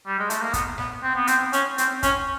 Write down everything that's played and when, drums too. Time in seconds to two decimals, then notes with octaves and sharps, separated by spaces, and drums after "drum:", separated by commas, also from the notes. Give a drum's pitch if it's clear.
0.07 G3
0.19 G#3
0.30 A3, drum: hi-hat
0.41 A#3
0.53 B3, drum: kick, hi-hat
0.78 B3, drum: snare
1.03 C4
1.15 B3
1.27 C4, drum: hi-hat
1.53 C#4, drum: hi-hat
1.78 C4, drum: hi-hat
2.03 C#4, drum: kick, hi-hat